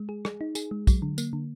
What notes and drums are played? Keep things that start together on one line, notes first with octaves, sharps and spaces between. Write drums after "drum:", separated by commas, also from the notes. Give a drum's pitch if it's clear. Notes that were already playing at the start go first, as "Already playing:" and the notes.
Already playing: G#3
G#4
G#4, drum: rim click
D#4
G#4, drum: tambourine
G#3
F#3, drum: kick, tambourine
D3
A#3, drum: tambourine
D3